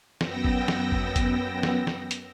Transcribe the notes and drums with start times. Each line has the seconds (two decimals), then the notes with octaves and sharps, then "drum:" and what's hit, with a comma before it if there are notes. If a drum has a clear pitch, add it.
0.21 F#2 B3 G5 E6 A#6, drum: snare
0.45 drum: kick G#1
0.68 drum: snare
0.92 drum: kick G#1
1.16 drum: kick G#1, hi-hat
1.63 drum: snare
1.87 drum: snare
2.11 drum: hi-hat